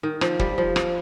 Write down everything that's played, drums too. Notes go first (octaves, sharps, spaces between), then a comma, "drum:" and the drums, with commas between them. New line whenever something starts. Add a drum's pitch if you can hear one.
D#3
F3, drum: rim click
G3, drum: kick
F3
drum: rim click